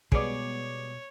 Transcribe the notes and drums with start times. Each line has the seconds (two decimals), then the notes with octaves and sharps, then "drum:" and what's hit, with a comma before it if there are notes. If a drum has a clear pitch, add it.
0.12 B2 G3 G#3 B3 G#4 C#5 D5, drum: kick